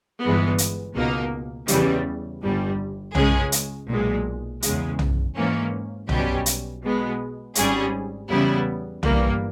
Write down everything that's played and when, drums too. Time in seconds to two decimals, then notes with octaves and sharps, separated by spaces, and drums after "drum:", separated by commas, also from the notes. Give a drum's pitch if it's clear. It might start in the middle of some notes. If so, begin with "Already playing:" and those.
0.22 G1 G2 E3 G#3 B3
0.58 drum: hi-hat
0.95 C#2 B2 A#3 D#4
1.68 E2 C#3 E3 G3, drum: hi-hat
2.42 G1 G2 G3
3.15 C#2 C#3 G#3 C#4 G#4, drum: tom
3.52 drum: hi-hat
3.88 B1 A#2 G#3
4.62 E2 C#3 G#3, drum: hi-hat
4.99 drum: tom
5.36 G#2 E3 A#3 C#4
6.09 B1 B2 G3 C#4 G4, drum: tom
6.46 drum: hi-hat
6.83 B2 G#3 B3
7.55 G#1 G#2 G3 C#4 G#4, drum: hi-hat
8.29 E2 C#3 G3 B3 E4
9.03 G1 G2 E3 G3 A#3, drum: tom